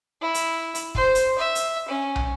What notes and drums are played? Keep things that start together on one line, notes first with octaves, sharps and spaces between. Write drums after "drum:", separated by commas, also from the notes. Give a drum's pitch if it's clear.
E4
drum: hi-hat
drum: hi-hat
C5, drum: kick
drum: hi-hat
E5
drum: hi-hat
C#4
drum: tom